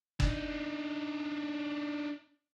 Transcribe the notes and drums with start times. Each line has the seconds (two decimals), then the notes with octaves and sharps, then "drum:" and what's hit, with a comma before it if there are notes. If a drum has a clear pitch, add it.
0.20 D4 D#4, drum: kick